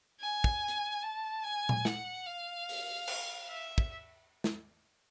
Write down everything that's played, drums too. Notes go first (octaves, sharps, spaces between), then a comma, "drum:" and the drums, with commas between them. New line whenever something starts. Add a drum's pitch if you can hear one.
G#5
drum: kick
drum: hi-hat
A5
G#5
drum: tom A#2
F#5, drum: snare
F5
drum: open hi-hat
drum: cymbal
E5
drum: kick
drum: snare